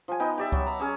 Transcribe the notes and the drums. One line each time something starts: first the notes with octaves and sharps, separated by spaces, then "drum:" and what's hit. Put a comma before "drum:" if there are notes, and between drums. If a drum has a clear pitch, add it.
F3 G#5
B3 D#4 G5
G4 D5 E5
F#3, drum: kick C#2
A5 A#5
C#4 G#4 C#5